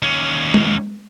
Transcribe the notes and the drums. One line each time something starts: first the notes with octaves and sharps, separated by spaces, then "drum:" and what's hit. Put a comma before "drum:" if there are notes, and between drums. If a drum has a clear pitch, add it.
D#2 C#4
drum: tom G#3